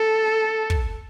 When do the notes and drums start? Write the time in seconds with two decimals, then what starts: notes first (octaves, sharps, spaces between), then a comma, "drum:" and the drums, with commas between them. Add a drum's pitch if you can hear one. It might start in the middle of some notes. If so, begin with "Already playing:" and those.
Already playing: A4
0.70 drum: kick